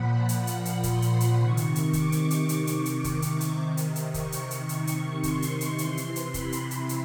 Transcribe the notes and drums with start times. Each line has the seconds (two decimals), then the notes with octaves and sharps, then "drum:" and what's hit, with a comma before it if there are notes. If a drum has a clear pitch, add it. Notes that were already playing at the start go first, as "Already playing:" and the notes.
Already playing: A#2 F3 F#5 B5
0.29 drum: hi-hat
0.47 drum: hi-hat
0.65 drum: hi-hat
0.83 C6, drum: kick, hi-hat
1.02 drum: hi-hat
1.20 drum: hi-hat
1.39 C3 D#3 C#6
1.57 drum: hi-hat
1.75 drum: hi-hat
1.93 D6, drum: kick, hi-hat
2.12 drum: hi-hat
2.30 drum: hi-hat
2.49 drum: hi-hat
2.67 drum: hi-hat
2.86 drum: hi-hat
3.04 D6, drum: kick, hi-hat
3.22 drum: hi-hat
3.41 drum: hi-hat
3.58 C3 D#3
3.77 drum: hi-hat
3.96 drum: hi-hat
4.14 C#6, drum: kick, hi-hat
4.32 drum: hi-hat
4.51 drum: hi-hat
4.69 drum: hi-hat
4.87 drum: hi-hat
5.23 C6, drum: kick, hi-hat
5.42 drum: hi-hat
5.61 drum: hi-hat
5.78 C3 E3 C6, drum: hi-hat
5.97 drum: hi-hat
6.16 drum: hi-hat
6.34 B5, drum: kick, hi-hat
6.52 drum: hi-hat
6.71 drum: hi-hat
6.89 drum: hi-hat